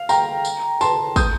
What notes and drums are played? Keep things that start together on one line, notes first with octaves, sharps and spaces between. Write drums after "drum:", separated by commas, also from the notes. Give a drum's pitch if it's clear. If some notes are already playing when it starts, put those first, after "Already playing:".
Already playing: F5
G5 A#5, drum: tambourine
drum: tambourine
A5 C6, drum: tambourine
D#6 G6, drum: kick, tambourine